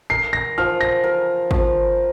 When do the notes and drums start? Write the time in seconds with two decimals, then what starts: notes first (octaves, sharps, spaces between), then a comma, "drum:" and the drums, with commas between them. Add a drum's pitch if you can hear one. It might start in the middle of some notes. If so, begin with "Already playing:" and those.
0.10 A#4 C7
0.33 A#6
0.58 F3 F6
0.81 A#6
1.04 A#4
1.51 F3, drum: kick